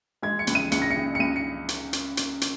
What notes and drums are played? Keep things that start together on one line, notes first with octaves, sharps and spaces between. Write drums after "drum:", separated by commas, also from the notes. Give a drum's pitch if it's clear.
G#3 G#6
C#7
C#2, drum: hi-hat
D#7
C#2 C#7, drum: hi-hat
A#6
C#3 C#7
C#7
C#2 D#7
C#7
drum: hi-hat
drum: hi-hat
drum: hi-hat
drum: hi-hat